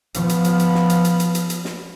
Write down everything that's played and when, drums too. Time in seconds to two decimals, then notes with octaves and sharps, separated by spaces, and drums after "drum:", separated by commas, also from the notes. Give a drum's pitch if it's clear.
0.14 F3 B3, drum: hi-hat
0.29 drum: hi-hat
0.44 drum: hi-hat
0.59 drum: hi-hat
0.75 drum: snare
0.90 drum: hi-hat
1.05 drum: hi-hat
1.20 drum: hi-hat
1.35 drum: hi-hat
1.50 drum: hi-hat
1.65 drum: snare